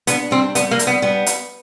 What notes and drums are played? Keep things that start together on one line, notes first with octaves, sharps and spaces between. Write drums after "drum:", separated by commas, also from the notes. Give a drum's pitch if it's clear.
B3 D4, drum: hi-hat
G3 C4
G3 B3, drum: hi-hat
A#3
D4, drum: hi-hat
B3
G3 B3
drum: hi-hat